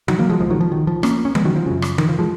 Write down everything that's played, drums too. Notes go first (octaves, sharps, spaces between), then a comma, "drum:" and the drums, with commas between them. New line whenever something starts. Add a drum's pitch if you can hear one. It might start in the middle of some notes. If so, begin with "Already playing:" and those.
D#3 F#3, drum: tom E3
F#3 A#3
F3 G#3
C#2 B2 F3 G#3
D#3 F#3
F3
D#3
F3
A#3 C#4, drum: rim click
C#4
G#3 B3, drum: tom E3
D#3 F#3
F3
F#2 C#3
drum: rim click
D#3, drum: tom E3
F3
F3 G#3